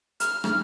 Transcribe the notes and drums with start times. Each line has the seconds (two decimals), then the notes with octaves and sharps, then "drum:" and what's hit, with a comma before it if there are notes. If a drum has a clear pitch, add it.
0.20 F6, drum: hi-hat
0.44 drum: rim click